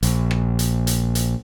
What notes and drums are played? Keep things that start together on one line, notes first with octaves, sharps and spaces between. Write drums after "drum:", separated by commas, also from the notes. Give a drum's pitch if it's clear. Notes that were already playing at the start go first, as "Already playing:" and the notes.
A#1, drum: hi-hat
drum: rim click
drum: hi-hat
drum: hi-hat
drum: hi-hat